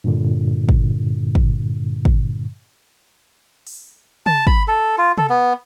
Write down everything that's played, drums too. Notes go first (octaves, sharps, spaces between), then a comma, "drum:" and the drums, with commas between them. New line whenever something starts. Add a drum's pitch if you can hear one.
G2 A#2 D3
drum: kick
drum: kick
drum: kick
drum: open hi-hat
A5, drum: tom
B5, drum: kick
A4
F4
A4, drum: tom
B3